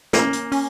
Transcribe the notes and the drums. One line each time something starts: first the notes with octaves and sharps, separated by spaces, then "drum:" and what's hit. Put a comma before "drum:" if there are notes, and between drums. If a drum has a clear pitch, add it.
A#3 C#4, drum: snare
drum: hi-hat
C#4, drum: open hi-hat